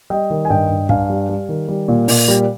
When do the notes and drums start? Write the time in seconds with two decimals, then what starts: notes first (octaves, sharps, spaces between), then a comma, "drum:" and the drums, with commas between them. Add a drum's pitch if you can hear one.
0.10 G3 D#5 G5
0.30 D#3
0.45 G#5
0.50 G2 D#5 G5
0.69 G2
0.89 G2 F5 G#5, drum: kick
1.10 G3
1.29 G3
1.49 D#3
1.68 G3
1.88 A#2
2.08 A#2, drum: open hi-hat
2.28 G3